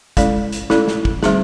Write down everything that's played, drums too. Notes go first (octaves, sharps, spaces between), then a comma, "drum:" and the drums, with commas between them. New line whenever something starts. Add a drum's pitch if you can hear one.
G#3 C#4 E4 A4 D5, drum: kick, hi-hat
drum: hi-hat
G#3 C#4 E4 A4 D5, drum: snare
drum: snare
drum: kick
D3 G3 C4 D#4 G#4, drum: snare